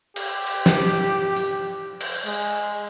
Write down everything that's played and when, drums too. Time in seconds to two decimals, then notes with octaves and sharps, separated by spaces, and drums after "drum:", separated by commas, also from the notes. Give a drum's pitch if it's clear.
0.16 G4, drum: cymbal
0.47 drum: cymbal
0.66 drum: snare
1.36 drum: hi-hat
2.00 drum: cymbal
2.26 G#3, drum: tambourine